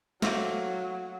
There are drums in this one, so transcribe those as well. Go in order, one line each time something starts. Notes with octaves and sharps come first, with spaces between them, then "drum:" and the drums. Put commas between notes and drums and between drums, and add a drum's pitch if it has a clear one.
F#3 A3 A#3 C4, drum: snare